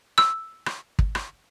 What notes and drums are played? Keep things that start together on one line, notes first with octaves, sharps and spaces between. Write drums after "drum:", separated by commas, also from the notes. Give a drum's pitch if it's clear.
E6, drum: rim click
drum: rim click
drum: kick
drum: rim click